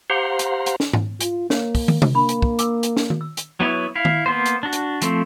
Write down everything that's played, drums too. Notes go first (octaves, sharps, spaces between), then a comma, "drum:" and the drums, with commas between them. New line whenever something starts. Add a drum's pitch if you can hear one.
G4 C5 F5 F#5 A#5 C6
drum: hi-hat
drum: hi-hat
drum: snare
drum: tom G#2
F4, drum: hi-hat
A#3 C#5 F5, drum: snare
drum: kick, open hi-hat
drum: tom
drum: tom C3
A#3 D4 B5
drum: hi-hat
drum: kick
D6 E6, drum: hi-hat
drum: hi-hat
drum: snare
drum: tom D#3
E6
drum: hi-hat
F#3 B3 E4 C#5
E4 F5
drum: tom D#3
A#3 B3 C5
drum: hi-hat
D4 F#4
drum: hi-hat
F3 A3 C4, drum: hi-hat